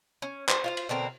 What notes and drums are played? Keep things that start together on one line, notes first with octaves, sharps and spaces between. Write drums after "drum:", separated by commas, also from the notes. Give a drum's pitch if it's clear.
C#4
C5, drum: clap
F4 C5 F5
drum: cymbal
B2 D3 C4 A#4